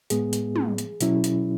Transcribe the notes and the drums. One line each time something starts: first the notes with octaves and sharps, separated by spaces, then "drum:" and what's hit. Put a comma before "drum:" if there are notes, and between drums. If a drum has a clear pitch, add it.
A2 G#3 B3 G#4, drum: hi-hat
drum: hi-hat
drum: tom
drum: hi-hat
B2 F#3 C#4 E4, drum: hi-hat
drum: hi-hat